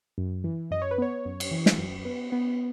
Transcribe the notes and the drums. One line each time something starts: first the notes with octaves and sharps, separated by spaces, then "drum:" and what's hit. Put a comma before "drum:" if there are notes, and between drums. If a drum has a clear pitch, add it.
F#2
E3
F#2 D#5
C#5
B4
B3 C#5
F#2
drum: cymbal
E3
drum: snare
F#2
B3
B3